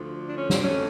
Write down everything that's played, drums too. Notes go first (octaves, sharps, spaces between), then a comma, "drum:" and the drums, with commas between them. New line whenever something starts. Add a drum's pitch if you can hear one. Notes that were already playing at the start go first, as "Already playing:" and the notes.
Already playing: D2 D3 F3
D4
C#4
C4, drum: snare
D4
F2 D3 F#3 A3 C#4